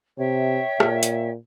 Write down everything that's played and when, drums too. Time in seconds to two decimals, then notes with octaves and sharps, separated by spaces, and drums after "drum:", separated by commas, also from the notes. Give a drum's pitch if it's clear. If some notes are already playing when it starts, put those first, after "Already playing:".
0.19 C3 C#5 E5 G5
0.80 A#2, drum: rim click
1.03 drum: hi-hat